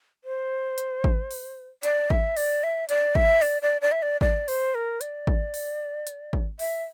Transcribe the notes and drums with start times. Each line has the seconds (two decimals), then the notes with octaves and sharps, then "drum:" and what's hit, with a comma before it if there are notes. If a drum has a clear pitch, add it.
0.24 C5
0.78 drum: hi-hat
1.04 drum: kick G#1
1.31 drum: open hi-hat
1.83 D5, drum: hi-hat
2.10 E5, drum: kick G#1
2.37 D5, drum: open hi-hat
2.63 E5
2.89 D5, drum: hi-hat
3.15 E5, drum: kick G#1
3.42 D5, drum: open hi-hat
3.62 D5
3.81 D5
3.92 E5
4.02 D5
4.21 D5, drum: kick G#1
4.48 C5, drum: open hi-hat
4.75 A#4
5.01 D5, drum: hi-hat
5.27 drum: kick G#1
5.54 drum: open hi-hat
6.07 drum: hi-hat
6.33 drum: kick G#1
6.59 E5, drum: open hi-hat